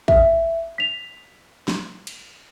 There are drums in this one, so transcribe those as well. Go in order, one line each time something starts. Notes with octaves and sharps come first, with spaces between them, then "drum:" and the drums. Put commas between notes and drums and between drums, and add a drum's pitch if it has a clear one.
E5, drum: kick
B6 F7
drum: snare
drum: cymbal